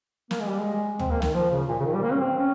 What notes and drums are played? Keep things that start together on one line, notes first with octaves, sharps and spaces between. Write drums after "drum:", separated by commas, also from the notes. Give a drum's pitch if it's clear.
A#3, drum: snare
G#3
G3
G#3
C4, drum: tom
A#3
D#3, drum: snare
F3
C#3
A#2
C#3
D#3
G3
A#3
C#4
C4
C#4